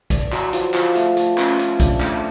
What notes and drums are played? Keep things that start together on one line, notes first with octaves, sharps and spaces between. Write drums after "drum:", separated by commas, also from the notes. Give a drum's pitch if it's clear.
D5, drum: kick, hi-hat
F#3, drum: clap
F3, drum: hi-hat
F3, drum: clap
A3, drum: hi-hat
A3, drum: hi-hat
C#4, drum: clap
C#4, drum: hi-hat
D4, drum: kick, hi-hat
A3, drum: clap